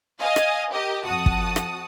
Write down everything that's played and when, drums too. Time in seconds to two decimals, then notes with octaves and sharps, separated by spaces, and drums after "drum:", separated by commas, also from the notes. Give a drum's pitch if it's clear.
0.21 D#5 F5 G#5
0.36 drum: rim click
0.73 G4 A#4 D#5
1.06 F2 F#4 F#5 A5 D#6
1.26 drum: kick
1.56 drum: rim click